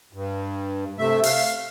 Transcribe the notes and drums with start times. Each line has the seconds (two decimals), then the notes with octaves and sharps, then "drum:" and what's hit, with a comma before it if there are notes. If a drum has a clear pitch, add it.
0.13 G2
0.98 C3 A3 E5
1.24 F5, drum: open hi-hat